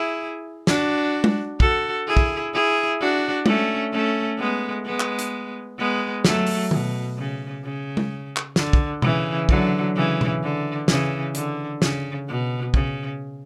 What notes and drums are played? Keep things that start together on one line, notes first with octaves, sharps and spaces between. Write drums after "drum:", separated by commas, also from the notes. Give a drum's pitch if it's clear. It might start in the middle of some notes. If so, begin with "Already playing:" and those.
Already playing: E4 G#4
D4 F#4, drum: snare
drum: tom G#3
F#4 A4, drum: kick
E4 G#4
drum: kick
E4 G#4
D4 F#4
A3 C#4, drum: tom G#3
A3 C#4
G#3 B3
G#3 B3
drum: clap
drum: hi-hat
G#3 B3
F#3 A3, drum: snare
drum: open hi-hat
B2, drum: tom D#3
C#3
C#3
drum: tom G#3
drum: clap
D3, drum: snare
drum: kick
C#3 E3, drum: tom B2
D3 F#3, drum: kick
C#3 E3
drum: tom B2
D3
C#3 E3, drum: snare
D3, drum: hi-hat
C#3, drum: snare
B2
C#3, drum: kick